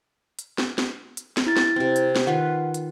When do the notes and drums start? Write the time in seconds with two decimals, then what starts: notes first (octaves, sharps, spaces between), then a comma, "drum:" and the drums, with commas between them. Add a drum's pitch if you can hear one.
0.39 drum: hi-hat
0.58 drum: snare
0.78 drum: snare
1.17 drum: hi-hat
1.37 drum: snare
1.46 E4 A6
1.57 drum: snare
1.76 C3 C4
1.96 drum: hi-hat
2.15 drum: snare
2.27 D#3 F4 B4 F#5
2.74 drum: hi-hat